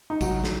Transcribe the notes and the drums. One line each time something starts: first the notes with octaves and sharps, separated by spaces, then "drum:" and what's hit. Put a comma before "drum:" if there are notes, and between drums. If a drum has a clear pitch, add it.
D#4
F#3 F#4, drum: kick, tambourine
drum: snare